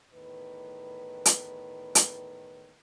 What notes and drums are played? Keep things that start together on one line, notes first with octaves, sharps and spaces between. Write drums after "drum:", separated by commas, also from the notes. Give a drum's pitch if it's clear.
E2 A2 D#3 B4
drum: hi-hat
drum: hi-hat